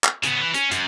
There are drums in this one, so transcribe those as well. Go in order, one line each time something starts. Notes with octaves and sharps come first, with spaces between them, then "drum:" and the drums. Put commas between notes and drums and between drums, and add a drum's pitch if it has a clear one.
drum: clap
C#3 B3, drum: hi-hat
E3
C#4, drum: hi-hat
F#2, drum: hi-hat